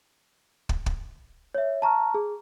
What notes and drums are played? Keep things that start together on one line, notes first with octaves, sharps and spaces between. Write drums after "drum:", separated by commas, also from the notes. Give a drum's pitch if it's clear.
drum: kick
drum: kick
C#5 E5
A5 A#5 C#6 F6
G#4